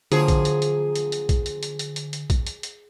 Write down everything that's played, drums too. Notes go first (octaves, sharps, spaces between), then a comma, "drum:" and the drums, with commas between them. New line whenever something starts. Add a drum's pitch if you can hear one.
D3 F3 F#3 A#3 G#4, drum: hi-hat
drum: kick A#1, hi-hat
drum: hi-hat
drum: hi-hat
drum: hi-hat
drum: hi-hat
drum: kick A#1, hi-hat
drum: hi-hat
drum: hi-hat
drum: hi-hat
drum: hi-hat
drum: hi-hat
drum: kick A#1, hi-hat
drum: hi-hat
drum: hi-hat